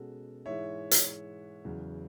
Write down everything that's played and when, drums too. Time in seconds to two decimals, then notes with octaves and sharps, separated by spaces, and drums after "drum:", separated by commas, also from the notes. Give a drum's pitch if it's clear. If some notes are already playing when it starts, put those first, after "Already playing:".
Already playing: B2 G#3 C#4 F#4 A4
0.45 G#2 E3 G#3 C#5 E5
0.91 drum: hi-hat
1.64 E2 C#3 F#3